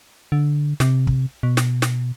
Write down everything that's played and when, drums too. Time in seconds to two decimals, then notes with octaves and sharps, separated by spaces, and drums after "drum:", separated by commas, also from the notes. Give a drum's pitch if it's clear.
0.32 D3
0.80 C3, drum: snare
1.07 drum: kick
1.43 B2
1.57 drum: snare
1.82 drum: snare